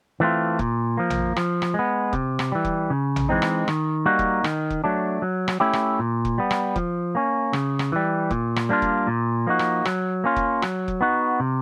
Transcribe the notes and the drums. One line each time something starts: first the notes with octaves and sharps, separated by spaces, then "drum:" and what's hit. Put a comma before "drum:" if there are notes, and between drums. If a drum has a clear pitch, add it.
E3 A3 C4 F4
A#2, drum: kick F1
F3 A#3
drum: tom A#1
F3, drum: rim click
drum: rim click
G#3 B3
C3, drum: kick F1
drum: rim click
E3 G3
drum: kick F1
C#3
drum: tom A#1
E3 G#3 C4 D#4
drum: rim click
D#3, drum: rim click
G3 A#3 D#4 F#4
drum: kick F1
D#3, drum: rim click
drum: kick F1
F#3 A3 D4
F#3
drum: rim click
A3 C#4 E4 G4
drum: rim click
A#2
drum: kick F1
G3 B3
drum: rim click
F3, drum: kick F1
A#3 C#4
C#3, drum: rim click
drum: rim click
E3 G3
A#2, drum: kick F1
drum: rim click
G3 A#3 D4 F4
drum: kick F1
A#2
F3 A#3 D#4 F#4
drum: rim click
F#3, drum: rim click
A#3 C#4 F4
drum: kick F1
F#3, drum: rim click
drum: kick F1
B3 D#4 F#4
C3